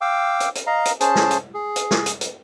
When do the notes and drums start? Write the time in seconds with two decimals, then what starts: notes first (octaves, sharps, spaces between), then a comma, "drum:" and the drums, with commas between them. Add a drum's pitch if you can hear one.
0.01 F5 G5 D6 E6
0.40 drum: hi-hat
0.55 drum: hi-hat
0.67 D#5 F5 A#5
0.85 drum: hi-hat
1.00 C#4 G#4 C5 A5, drum: hi-hat
1.15 drum: snare
1.31 drum: hi-hat
1.54 G#4
1.76 drum: hi-hat
1.91 drum: snare
2.06 drum: hi-hat
2.21 drum: hi-hat